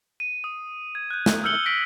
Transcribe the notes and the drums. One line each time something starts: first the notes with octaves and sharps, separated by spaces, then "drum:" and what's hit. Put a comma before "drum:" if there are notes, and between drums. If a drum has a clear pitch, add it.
D#7
D#6
G#6
F#6 G6
drum: snare
E6 F6 G6 C#7 F#7 G7
A#6 B6 D7 F#7